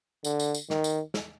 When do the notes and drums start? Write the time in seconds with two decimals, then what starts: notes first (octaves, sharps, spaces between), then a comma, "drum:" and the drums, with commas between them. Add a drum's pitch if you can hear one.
0.25 D3, drum: tambourine
0.40 drum: tambourine
0.54 drum: tambourine
0.70 D#3, drum: snare
0.84 drum: tambourine
1.14 drum: snare